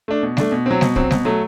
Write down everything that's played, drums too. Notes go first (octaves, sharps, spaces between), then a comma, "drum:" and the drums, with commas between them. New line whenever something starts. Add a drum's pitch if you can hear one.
A3 D4
B2
A3 D4, drum: snare G3
B2
F#3 C4
B2, drum: snare G3
F#3 C4, drum: kick
B2, drum: snare G3
F#3 A3